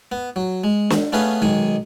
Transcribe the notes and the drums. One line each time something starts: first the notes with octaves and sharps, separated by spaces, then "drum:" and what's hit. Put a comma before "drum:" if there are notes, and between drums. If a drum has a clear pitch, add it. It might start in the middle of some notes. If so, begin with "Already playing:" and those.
B3
F#3
G#3
drum: snare
A3 B3 C#4 G#4 B4 F5
B1 D#3 G#3 G#5